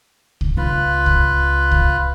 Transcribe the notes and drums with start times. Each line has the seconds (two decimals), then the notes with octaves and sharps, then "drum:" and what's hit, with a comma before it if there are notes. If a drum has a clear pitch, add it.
0.41 drum: kick C2
0.57 C#2 F4 B4
1.06 drum: kick C2
1.71 drum: kick C2